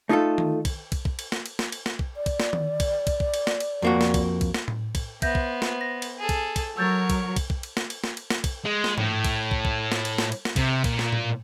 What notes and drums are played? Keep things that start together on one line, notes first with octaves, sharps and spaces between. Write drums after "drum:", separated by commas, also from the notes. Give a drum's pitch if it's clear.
A3 D#4 F4 G#4 A4
drum: tom D#3
drum: kick, cymbal
drum: kick, cymbal
drum: kick
drum: cymbal
drum: snare
drum: cymbal
drum: snare
drum: cymbal
drum: snare
drum: kick
D5
drum: kick, cymbal
drum: snare
drum: tom D#3
drum: kick, cymbal
drum: kick, cymbal
drum: kick
drum: cymbal
drum: snare
drum: cymbal
F2 A#3 F#4
drum: snare
drum: kick, cymbal
drum: kick, cymbal
drum: snare
drum: tom A2
drum: kick, cymbal
B3 C5 E5 G6 A#6, drum: kick, cymbal
drum: kick
drum: snare
A#6
drum: cymbal
G#4 A4
drum: kick, cymbal
drum: kick, cymbal
F#3 A#4 C#5 E6 G6 A6
drum: kick, cymbal
drum: kick, cymbal
drum: kick
drum: cymbal
drum: snare
drum: cymbal
drum: snare
drum: cymbal
drum: snare
drum: kick, cymbal
G#3
drum: snare
A2, drum: tom G#2
drum: kick, cymbal
drum: kick
drum: kick
drum: snare
drum: cymbal
drum: snare
drum: cymbal
drum: snare
C3, drum: kick, cymbal
A#2, drum: kick, cymbal
drum: snare
drum: tom A2